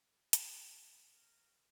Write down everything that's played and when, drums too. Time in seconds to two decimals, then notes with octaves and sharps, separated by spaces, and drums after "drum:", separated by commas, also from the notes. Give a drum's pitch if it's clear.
0.33 drum: hi-hat
0.53 C5
1.14 A#4